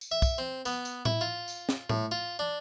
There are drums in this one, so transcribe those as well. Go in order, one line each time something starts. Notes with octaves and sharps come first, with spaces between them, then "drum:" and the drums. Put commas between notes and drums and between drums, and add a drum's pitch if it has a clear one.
drum: tambourine
E5
drum: kick, tambourine
C4
B3, drum: tambourine
drum: tambourine
E4, drum: tom A2
F4
drum: tambourine
drum: snare
A2, drum: tom A2
F4
D4